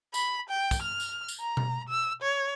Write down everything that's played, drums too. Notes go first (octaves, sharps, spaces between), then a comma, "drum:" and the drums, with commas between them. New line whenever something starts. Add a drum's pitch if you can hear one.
B5, drum: tambourine
G5
drum: kick, tambourine
F6
drum: tambourine
drum: tambourine
A#5
drum: tom B2
E6
C#5